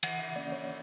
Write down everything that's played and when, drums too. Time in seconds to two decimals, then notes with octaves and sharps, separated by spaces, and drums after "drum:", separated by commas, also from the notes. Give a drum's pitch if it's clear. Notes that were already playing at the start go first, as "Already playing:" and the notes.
0.03 E3 F#5, drum: cymbal
0.19 E5
0.36 A#3 C#4 D5
0.52 C#5